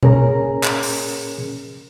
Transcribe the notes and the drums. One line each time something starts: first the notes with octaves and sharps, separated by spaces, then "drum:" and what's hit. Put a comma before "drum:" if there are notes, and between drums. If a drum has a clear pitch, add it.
A#2 C#4 G#4 A#4 A#5, drum: tom B2
drum: clap
drum: open hi-hat